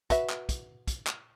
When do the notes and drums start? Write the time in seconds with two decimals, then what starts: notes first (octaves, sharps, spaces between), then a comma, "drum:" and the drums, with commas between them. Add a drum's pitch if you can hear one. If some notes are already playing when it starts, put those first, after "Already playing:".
0.10 F#4 B4 E5, drum: kick, hi-hat
0.29 drum: clap
0.49 drum: kick, hi-hat
0.88 drum: kick, hi-hat
1.07 drum: clap